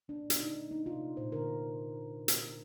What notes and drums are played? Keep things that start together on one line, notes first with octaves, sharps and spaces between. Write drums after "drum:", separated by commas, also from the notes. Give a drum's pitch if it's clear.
A#3 D4
A#2
D4, drum: hi-hat
D3 D#4
A3
A#3 D#4
C3 F4
A#3
A#2 C5
D3 A#4
drum: hi-hat